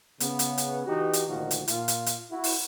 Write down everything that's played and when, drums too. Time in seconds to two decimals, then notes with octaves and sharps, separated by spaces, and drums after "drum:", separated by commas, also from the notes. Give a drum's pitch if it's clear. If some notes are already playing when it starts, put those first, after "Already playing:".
0.20 C#3 B3, drum: hi-hat
0.39 drum: hi-hat
0.58 drum: hi-hat
0.86 E3 D#4 F#4 G4
1.13 drum: hi-hat
1.29 D2 A#2 D#3 F3 D#4 F#4
1.51 drum: hi-hat
1.68 A#2 F4, drum: hi-hat
1.88 drum: hi-hat
2.06 drum: hi-hat
2.31 E4 F#4
2.44 drum: open hi-hat